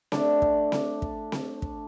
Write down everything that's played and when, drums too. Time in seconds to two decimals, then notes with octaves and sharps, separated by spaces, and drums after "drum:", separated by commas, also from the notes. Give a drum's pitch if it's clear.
0.12 A3 D4, drum: snare C4
0.42 drum: kick
0.72 drum: snare C4
1.02 drum: kick
1.32 drum: snare C4
1.62 drum: kick